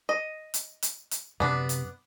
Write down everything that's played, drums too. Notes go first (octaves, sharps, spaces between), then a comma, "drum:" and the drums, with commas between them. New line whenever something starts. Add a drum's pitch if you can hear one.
D#5
drum: hi-hat
drum: hi-hat
drum: hi-hat
F#2 C3 B3 D4
drum: hi-hat